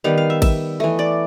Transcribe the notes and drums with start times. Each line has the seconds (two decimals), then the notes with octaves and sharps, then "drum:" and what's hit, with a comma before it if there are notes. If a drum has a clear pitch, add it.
0.04 D#3 G3 B3 F5
0.18 F5
0.30 E5
0.42 E5, drum: kick A1, cymbal
0.80 E3 A3 D#5
0.99 D5